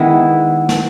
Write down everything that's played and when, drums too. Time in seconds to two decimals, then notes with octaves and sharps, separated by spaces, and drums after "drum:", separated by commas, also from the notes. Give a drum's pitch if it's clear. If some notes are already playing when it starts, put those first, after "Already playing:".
Already playing: D#3 G#3 B3 E4
0.69 drum: snare